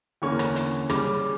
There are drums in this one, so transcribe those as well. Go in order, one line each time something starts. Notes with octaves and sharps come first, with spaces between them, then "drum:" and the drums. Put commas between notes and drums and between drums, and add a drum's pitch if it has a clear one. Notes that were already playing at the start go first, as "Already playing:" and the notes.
E2 D3 A#3 C#4 C#6
drum: rim click
drum: hi-hat
C#3 G3 C#4 D6, drum: rim click